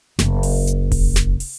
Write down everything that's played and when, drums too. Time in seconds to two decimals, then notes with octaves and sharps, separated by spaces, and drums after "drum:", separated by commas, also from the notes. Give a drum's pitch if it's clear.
0.19 F#1, drum: snare
0.43 drum: open hi-hat
0.67 drum: hi-hat
0.92 drum: kick D#1, open hi-hat
1.16 drum: snare
1.40 drum: open hi-hat